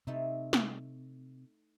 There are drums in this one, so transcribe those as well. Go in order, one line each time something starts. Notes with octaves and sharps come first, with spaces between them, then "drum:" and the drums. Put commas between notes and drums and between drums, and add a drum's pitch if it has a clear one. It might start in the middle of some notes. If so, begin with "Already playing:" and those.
C3 A3 D#4 E4
drum: snare